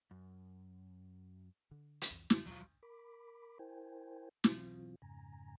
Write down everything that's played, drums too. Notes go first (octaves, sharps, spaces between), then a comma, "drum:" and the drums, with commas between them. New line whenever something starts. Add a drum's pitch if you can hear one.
F#2
D3
drum: hi-hat
C2 F2 E3
F#2 D3, drum: snare
D#2 B2 F#3 F4
A#4 B5 D6
E4 A#4 C5 G5 G#5
B2 E3 F#3 C4 F4, drum: snare
F2 G#2 C#3 G#5 A#5